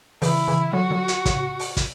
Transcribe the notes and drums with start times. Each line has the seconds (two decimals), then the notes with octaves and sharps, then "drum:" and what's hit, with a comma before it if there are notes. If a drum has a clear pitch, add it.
0.22 C#3 E3 E4, drum: open hi-hat
0.48 C#3 E3
0.73 D3 F#3 F#4
0.91 D3 F#3
1.08 drum: hi-hat
1.26 A2 C#3, drum: kick, hi-hat
1.59 drum: open hi-hat
1.77 drum: kick, hi-hat